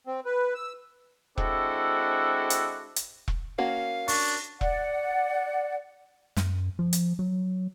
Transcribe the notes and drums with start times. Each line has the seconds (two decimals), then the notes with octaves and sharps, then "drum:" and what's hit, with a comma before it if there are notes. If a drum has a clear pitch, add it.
0.07 C4
0.25 B4
0.55 E6
1.38 G#3 C4 D4 E4 F#4 A4, drum: kick E1
2.50 drum: hi-hat
2.96 drum: hi-hat
3.28 drum: kick E1
3.58 A#3 C#4 F#4 F5
4.08 D4 C#6, drum: open hi-hat
4.61 D5 F#5, drum: kick E1
6.36 F#2, drum: snare
6.79 F3
6.93 drum: hi-hat
7.19 F#3